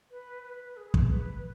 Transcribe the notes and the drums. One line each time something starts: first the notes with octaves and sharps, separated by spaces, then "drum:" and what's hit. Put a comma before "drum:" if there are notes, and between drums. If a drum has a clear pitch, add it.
B4
B4
G#4
drum: kick
B4